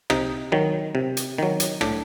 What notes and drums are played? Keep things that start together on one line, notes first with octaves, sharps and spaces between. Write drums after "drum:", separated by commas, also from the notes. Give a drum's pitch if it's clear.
C3 D#4, drum: rim click
D#3 F#3
C3
drum: hi-hat
D#3 F#3
drum: hi-hat
A2 D4, drum: rim click